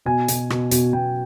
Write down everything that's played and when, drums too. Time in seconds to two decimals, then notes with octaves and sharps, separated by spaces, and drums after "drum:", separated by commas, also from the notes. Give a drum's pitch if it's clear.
0.06 B2 G#5
0.28 B2, drum: hi-hat
0.50 B2, drum: rim click
0.71 B2, drum: hi-hat
0.93 B2 G5